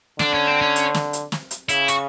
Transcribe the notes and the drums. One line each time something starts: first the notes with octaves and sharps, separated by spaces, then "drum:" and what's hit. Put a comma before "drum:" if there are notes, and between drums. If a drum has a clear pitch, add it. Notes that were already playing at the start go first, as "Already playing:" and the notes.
D3 D4, drum: snare
C#4
C4
C#4
drum: hi-hat
drum: snare
drum: hi-hat
drum: snare
drum: hi-hat
C#3 E4, drum: hi-hat
F#4, drum: hi-hat